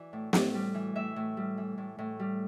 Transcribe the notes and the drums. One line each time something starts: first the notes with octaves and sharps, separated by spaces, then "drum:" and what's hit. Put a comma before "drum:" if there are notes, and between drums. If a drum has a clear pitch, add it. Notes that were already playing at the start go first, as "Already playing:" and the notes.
Already playing: E3 D5
A2
A2, drum: snare
G3
E3
A2 E5
A2
G3
E3
A2
A2
G3